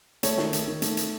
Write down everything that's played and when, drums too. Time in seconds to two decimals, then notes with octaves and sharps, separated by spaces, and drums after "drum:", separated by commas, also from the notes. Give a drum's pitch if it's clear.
0.23 A3 C#5, drum: hi-hat
0.38 D#3, drum: snare
0.53 D#3, drum: hi-hat
0.68 D#3
0.82 A3, drum: hi-hat
0.97 drum: hi-hat